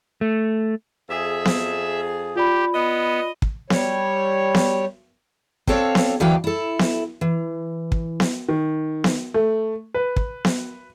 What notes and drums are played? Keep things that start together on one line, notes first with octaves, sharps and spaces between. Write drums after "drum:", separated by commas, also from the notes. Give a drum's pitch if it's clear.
A3
F2 G#4 E5
drum: snare B3
F4 G4 D5 B5
B3 D#5
drum: kick
G3 C#5, drum: snare B3
drum: snare B3
C4 D4 A4 C#5 F5, drum: kick
drum: snare B3
D2 D3 E3 F#3 F5 G5
E4 A4
drum: snare B3
E3
drum: kick
drum: snare B3
D#3
drum: snare B3
A3
B4
drum: kick
drum: snare B3